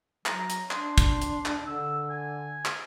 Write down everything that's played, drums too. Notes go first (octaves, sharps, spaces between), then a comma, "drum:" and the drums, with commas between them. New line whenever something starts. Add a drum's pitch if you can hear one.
F#3 A#5, drum: clap
drum: hi-hat
D4 C6, drum: clap
drum: kick, hi-hat
drum: hi-hat
drum: clap
D3 E6
G#5
drum: clap